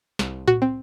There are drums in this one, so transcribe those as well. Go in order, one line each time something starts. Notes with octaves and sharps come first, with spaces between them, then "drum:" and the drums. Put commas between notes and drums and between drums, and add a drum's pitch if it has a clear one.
C2, drum: snare
F#4, drum: tom A2
C4